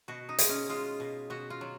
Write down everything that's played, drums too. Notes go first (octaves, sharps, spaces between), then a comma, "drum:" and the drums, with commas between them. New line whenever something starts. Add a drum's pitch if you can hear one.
B2 F#4
D#4
G#3, drum: hi-hat
C#4
G#3 F4
B2
B2 F#4
F4
F#3